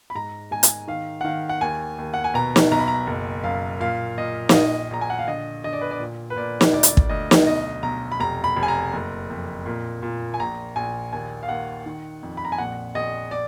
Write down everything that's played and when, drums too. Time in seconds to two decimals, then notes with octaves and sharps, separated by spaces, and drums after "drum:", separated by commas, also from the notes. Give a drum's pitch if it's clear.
0.10 B5
0.15 G#2 A#5
0.51 G#2 G#5
0.63 drum: hi-hat
0.88 D#3 F5
1.21 F#5
1.24 D#3 F5
1.49 F#5
1.61 D#2 G#5
1.98 D#2
2.14 F#5
2.24 G#5
2.34 B2 A#5
2.56 drum: snare
2.71 B1 A#5
2.79 B5
2.88 A#5
3.07 F#1
3.44 F#2 F5
3.80 A#2 F5
4.18 A#2 D#5
4.49 F5, drum: snare
4.53 A#1 D#5
4.91 A#1 A#5
5.01 G#5
5.10 F#5
5.19 F5
5.28 D3 D#5
5.64 D3 D#5
5.73 D5
5.81 B4
5.91 D5
6.00 A#2
6.30 B4
6.36 A#2 D5
6.61 drum: snare
6.73 D2 D5
6.83 drum: hi-hat
6.97 drum: kick
7.09 D2 D#5
7.31 drum: snare
7.46 B1 D#5
7.83 B1 A#5
8.12 B5
8.20 F1 A#5
8.44 B5
8.57 F1
8.63 G#5
8.68 A#5
8.93 F#1
9.30 F2
9.66 A#2
10.03 A#2
10.34 G#5
10.40 A#1 A#5
10.76 A#1 G#5
11.13 D#2 G#5
11.43 F5
11.49 D#2 F#5
11.86 D#3
12.23 F2
12.37 B5
12.45 A#5
12.52 G#5
12.58 A#1 F#5
12.95 A#1 D#5
13.31 D5